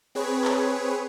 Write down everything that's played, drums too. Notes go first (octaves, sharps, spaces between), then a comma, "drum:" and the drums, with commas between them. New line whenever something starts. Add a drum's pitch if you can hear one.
C4 G#4 B4 C#5
drum: clap